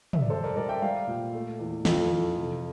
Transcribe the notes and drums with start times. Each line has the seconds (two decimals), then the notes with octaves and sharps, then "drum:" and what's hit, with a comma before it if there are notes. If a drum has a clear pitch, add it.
0.13 E5, drum: tom
0.22 D5
0.30 G3 A4 C5
0.43 A#4 D5
0.56 G3 A#4 D5
0.69 E5 G5
0.82 G3 D5 F5
1.07 A#2
1.33 A3
1.60 E2
1.85 F2 F4 A4, drum: snare
2.11 E3
2.38 C3